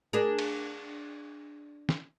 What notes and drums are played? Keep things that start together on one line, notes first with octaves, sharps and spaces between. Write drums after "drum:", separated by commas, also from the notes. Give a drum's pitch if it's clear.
D4 G#4 A#4
drum: cymbal
drum: snare